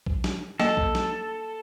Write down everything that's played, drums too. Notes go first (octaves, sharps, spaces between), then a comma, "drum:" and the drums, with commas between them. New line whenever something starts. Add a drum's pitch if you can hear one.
drum: kick
drum: snare
A#3 A4 D#5 G5, drum: snare
drum: kick
drum: snare